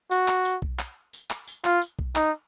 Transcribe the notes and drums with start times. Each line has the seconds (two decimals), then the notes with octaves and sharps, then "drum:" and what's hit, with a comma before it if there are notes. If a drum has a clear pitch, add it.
0.11 F#4, drum: tambourine
0.28 drum: clap
0.45 drum: tambourine
0.62 drum: kick B1
0.79 drum: clap
1.13 drum: tambourine
1.30 drum: clap
1.47 drum: tambourine
1.65 F4, drum: clap
1.82 drum: tambourine
1.99 drum: kick B1
2.16 D#4, drum: clap